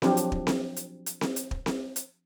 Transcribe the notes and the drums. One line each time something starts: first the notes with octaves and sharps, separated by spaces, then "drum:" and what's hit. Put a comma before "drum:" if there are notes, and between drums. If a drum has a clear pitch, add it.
F3 F#3 C4 D4 G4, drum: snare C4
drum: hi-hat
drum: kick
drum: snare C4
drum: hi-hat
drum: hi-hat
drum: snare C4
drum: hi-hat
drum: kick
drum: snare C4
drum: hi-hat